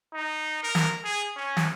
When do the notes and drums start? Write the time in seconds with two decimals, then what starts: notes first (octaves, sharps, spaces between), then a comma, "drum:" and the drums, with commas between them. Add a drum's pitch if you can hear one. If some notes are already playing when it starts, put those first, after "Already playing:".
0.14 D#4
0.63 A#4
0.75 drum: snare
1.04 G#4
1.36 C#4
1.57 drum: snare